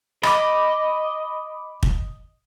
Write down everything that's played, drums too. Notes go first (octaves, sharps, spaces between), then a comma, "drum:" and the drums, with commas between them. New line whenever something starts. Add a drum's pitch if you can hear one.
D#5 B5 D6, drum: rim click
drum: kick